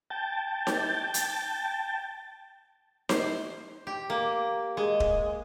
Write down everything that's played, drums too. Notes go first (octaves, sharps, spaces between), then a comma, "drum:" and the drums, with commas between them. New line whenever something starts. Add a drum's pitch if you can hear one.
G5 A5
drum: snare D#4
drum: hi-hat
C5, drum: snare D#4
G4
A#3
G#3
drum: kick D#1